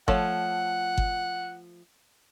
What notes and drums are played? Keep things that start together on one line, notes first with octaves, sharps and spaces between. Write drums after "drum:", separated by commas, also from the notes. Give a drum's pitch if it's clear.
F3 A3 C#5 F#5, drum: kick G1
drum: kick G1